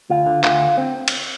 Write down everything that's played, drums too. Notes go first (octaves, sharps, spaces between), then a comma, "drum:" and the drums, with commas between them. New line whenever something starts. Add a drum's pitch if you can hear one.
D2 F4
D3
D2 F4, drum: clap
D3
C4
drum: cymbal